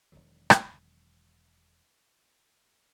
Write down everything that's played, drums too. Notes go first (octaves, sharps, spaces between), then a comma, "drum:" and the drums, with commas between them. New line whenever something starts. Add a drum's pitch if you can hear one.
E1 C2 D#3 F#3
drum: rim click